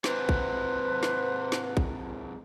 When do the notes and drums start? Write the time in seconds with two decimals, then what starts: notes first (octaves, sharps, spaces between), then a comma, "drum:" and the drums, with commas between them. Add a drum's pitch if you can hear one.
0.04 G#2 C3 B4 C5, drum: snare
0.29 drum: kick
1.03 drum: snare
1.52 drum: snare
1.77 drum: kick